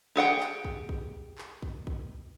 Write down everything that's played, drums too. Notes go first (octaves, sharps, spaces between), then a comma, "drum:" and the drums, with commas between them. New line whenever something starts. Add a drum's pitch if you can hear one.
G4 G#4 F#5 G5
drum: clap
drum: kick
drum: kick
drum: clap
drum: kick
drum: kick